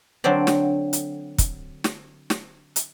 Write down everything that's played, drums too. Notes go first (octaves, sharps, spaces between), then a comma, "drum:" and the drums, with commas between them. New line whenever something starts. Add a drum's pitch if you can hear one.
D3 F#3 C4 C5 D5
drum: snare
drum: hi-hat
drum: kick, hi-hat
drum: snare
drum: snare
drum: hi-hat